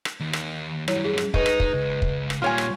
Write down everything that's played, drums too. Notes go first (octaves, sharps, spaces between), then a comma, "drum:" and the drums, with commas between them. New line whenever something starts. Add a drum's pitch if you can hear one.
drum: rim click
D#2
drum: rim click
F#2 G3 E4 C#5, drum: rim click
G#4
drum: rim click
G#3 D#4 B4 C#6, drum: kick
drum: rim click
drum: kick
C#2
drum: kick
drum: rim click
A#2 G3 F4 C#5 G#5 F6
drum: rim click